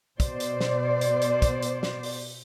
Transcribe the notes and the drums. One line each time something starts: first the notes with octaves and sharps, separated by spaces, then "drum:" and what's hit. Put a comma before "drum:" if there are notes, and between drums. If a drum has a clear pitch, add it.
B2 C5 D5, drum: kick, hi-hat
drum: hi-hat
drum: snare
drum: hi-hat
drum: hi-hat
drum: kick, hi-hat
drum: hi-hat
drum: snare
drum: open hi-hat